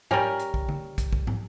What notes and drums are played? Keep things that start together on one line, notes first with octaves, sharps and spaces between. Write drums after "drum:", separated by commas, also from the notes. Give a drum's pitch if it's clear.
G3 C#4 G4 A#4, drum: tom
drum: hi-hat
drum: kick
drum: tom
drum: kick, hi-hat
drum: kick
drum: tom